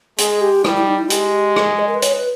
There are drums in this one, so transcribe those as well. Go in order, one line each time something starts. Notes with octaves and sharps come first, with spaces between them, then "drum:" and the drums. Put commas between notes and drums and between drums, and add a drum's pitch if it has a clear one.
G#3 G#4, drum: hi-hat
G4
G3 E4, drum: rim click
E4
D#4
E4
G#3 G4, drum: hi-hat
G#4, drum: rim click
D#5
A#4
B4
C#5, drum: hi-hat
B4